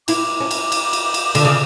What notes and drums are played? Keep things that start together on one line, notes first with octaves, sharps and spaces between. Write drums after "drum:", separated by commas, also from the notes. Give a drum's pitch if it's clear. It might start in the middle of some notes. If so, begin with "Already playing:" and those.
E4 D6, drum: cymbal
C#4
drum: cymbal
drum: cymbal
drum: cymbal
drum: cymbal
D3, drum: cymbal
C#3